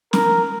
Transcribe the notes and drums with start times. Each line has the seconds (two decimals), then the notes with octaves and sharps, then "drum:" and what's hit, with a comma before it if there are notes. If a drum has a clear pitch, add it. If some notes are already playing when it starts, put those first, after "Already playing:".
0.13 A#4, drum: snare